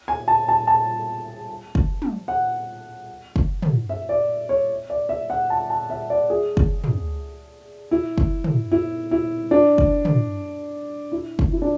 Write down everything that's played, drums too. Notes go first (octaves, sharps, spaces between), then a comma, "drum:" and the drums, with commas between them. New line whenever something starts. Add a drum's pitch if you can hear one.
G#5
A5
A5
A5
drum: kick
drum: tom
F#5
drum: kick
drum: tom
E5
D5
C#5
D5
E5
F#5
A5
A5
E5
D5
G#4
drum: kick
drum: tom
E4
drum: kick
drum: tom
E4
E4
D4
drum: kick
drum: tom
E4
drum: kick
E4
D4